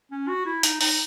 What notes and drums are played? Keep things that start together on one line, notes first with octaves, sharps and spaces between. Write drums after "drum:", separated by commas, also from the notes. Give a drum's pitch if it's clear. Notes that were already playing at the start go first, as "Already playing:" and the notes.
C#4
F#4
E4
D#4, drum: hi-hat
D#4, drum: open hi-hat